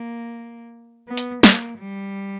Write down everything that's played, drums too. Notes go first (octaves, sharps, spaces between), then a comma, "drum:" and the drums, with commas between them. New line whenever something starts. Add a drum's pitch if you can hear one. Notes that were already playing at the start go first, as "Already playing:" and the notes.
Already playing: A#3
B3
drum: hi-hat
A#3, drum: snare
G3